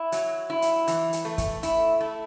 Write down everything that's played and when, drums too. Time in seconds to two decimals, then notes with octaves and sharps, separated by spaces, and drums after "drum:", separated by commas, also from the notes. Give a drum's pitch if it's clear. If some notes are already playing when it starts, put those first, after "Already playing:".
Already playing: E4
0.12 F#3, drum: hi-hat
0.50 E4
0.62 drum: hi-hat
0.87 E3, drum: hi-hat
1.13 drum: hi-hat
1.25 A3
1.38 drum: kick, hi-hat
1.63 E4, drum: hi-hat
2.01 A3